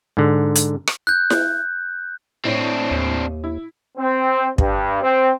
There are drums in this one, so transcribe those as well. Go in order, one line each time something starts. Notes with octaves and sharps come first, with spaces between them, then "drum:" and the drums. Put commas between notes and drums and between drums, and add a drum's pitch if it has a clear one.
G#2 D3
drum: hi-hat
drum: rim click
F#6 G6
drum: snare E4
A2 C4 D4 C#5 D#7
D#2
E4
C4
G2, drum: kick
C4